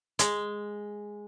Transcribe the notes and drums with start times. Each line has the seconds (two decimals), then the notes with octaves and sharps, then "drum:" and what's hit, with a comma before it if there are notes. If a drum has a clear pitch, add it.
0.19 G#3, drum: hi-hat